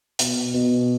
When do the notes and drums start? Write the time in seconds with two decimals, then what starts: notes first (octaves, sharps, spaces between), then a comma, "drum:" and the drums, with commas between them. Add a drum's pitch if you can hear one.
0.19 B2, drum: hi-hat
0.54 B2